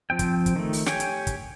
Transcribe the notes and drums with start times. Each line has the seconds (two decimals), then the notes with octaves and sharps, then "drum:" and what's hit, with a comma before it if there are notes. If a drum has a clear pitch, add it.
0.10 F3 C4 G5
0.19 drum: kick, hi-hat
0.46 drum: kick, hi-hat
0.56 D#3 A3
0.73 drum: open hi-hat
0.86 G4 C#5 G5 G#5, drum: snare
1.00 drum: hi-hat
1.27 drum: kick, hi-hat